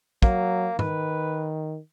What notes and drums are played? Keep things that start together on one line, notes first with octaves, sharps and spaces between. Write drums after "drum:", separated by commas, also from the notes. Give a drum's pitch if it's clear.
F#3 A#3, drum: kick
D#3 B4, drum: tom G#2